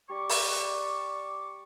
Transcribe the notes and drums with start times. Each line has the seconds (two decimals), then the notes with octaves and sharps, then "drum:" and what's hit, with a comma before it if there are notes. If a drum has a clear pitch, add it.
0.10 G3 D5 C#6 D6
0.29 drum: open hi-hat